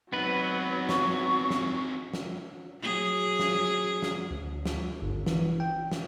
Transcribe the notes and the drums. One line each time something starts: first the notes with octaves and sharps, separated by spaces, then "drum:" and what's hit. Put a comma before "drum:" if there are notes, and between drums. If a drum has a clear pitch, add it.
F#3 B3 C4 D#4 B4
C#6, drum: snare
drum: snare
drum: snare
F#3 G#4
drum: snare
drum: snare
D2
drum: snare
G1
E3, drum: snare
G5
drum: snare